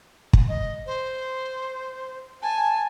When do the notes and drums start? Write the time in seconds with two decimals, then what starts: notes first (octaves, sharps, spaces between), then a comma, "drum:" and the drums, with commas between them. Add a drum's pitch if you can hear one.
0.33 drum: kick
0.49 D#5
0.86 C5
2.42 G#5 A5